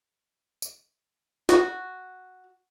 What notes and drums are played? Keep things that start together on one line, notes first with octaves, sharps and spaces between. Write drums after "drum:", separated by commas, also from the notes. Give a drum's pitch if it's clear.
drum: tambourine
F#4, drum: snare